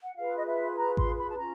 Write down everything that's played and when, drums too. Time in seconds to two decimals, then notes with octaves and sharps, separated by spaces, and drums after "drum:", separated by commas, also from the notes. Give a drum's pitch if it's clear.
0.03 F#5
0.15 F4 G#4 B4 F5
0.37 D#5
0.46 E5
0.77 A#5
0.97 C6, drum: kick A1
1.18 B5
1.29 A5
1.38 C#4 F4 A#5